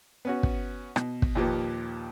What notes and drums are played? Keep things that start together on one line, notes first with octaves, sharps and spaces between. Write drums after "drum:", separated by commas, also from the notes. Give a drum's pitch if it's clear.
B3 C#4 F#4
drum: kick
B2, drum: rim click
drum: kick
D#2 A#2 F3 G4 B4